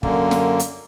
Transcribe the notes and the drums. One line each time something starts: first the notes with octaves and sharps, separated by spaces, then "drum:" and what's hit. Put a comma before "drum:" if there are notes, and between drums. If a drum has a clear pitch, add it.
F#2 D3 A#3, drum: kick
drum: snare
drum: hi-hat